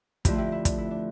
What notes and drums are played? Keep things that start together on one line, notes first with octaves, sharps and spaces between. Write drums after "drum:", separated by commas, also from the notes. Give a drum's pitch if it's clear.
F2 D3 F3 A3 E4 G4, drum: kick, hi-hat
E4 G4
E4
D4, drum: kick, hi-hat
E4
D4